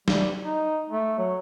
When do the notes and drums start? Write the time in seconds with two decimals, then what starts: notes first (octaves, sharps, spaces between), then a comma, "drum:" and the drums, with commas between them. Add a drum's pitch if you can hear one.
0.08 G3, drum: snare
0.44 D#4
0.90 A3
1.18 F#3